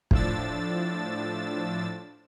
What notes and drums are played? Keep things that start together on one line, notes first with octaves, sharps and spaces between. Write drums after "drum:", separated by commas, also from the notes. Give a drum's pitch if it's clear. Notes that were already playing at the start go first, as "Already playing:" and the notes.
A2 F3 D4 E6 A6, drum: kick